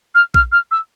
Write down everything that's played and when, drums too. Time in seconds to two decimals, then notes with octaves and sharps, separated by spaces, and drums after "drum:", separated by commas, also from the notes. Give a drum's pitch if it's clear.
0.15 F6
0.34 F6, drum: kick A#1
0.52 F6
0.71 E6